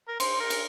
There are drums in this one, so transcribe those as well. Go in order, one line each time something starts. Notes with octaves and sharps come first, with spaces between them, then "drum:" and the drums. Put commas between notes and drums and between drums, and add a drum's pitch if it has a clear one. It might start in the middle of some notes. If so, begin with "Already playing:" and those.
A#4
C5, drum: cymbal
A#4
drum: cymbal